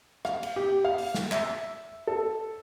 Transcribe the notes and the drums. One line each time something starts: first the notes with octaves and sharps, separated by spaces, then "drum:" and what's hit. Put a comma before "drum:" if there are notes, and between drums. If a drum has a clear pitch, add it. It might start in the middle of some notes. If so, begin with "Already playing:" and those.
F5, drum: rim click
drum: cymbal
G4
F5
drum: open hi-hat
drum: snare
E5, drum: clap
A4